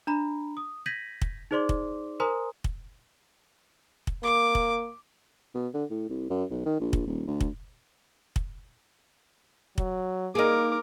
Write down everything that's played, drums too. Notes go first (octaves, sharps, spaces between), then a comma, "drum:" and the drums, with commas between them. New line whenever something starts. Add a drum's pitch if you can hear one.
D4 A#5 B5
D#6
G6 G#6 A#6 B6 D#7 F#7
drum: kick
D#4 G#4 C5 D5 C6 D6
drum: kick
A#4 C5 G#5 A#5 C6 D#6
drum: kick
drum: kick
A#3 D6
drum: kick
B2
D3
A2
C2
F#2
B1
D#3
A#1
drum: kick
D#1
D2
drum: kick
drum: kick
F#3, drum: kick
A#3 D#4 G#4 A#4 D6